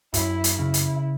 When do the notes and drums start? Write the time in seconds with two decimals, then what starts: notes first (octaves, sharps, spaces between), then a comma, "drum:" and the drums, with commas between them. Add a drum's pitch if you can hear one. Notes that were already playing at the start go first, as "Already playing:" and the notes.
0.14 F#2 E4, drum: hi-hat
0.44 drum: hi-hat
0.59 C#3 E4
0.74 drum: hi-hat